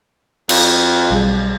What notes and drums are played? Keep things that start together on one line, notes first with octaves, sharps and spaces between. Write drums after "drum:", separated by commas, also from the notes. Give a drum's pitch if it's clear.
F2, drum: cymbal
B1 G3 G#4